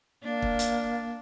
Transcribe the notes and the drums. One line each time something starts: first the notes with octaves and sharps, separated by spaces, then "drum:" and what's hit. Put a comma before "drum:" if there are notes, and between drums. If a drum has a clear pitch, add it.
A#3 D4
drum: kick
drum: hi-hat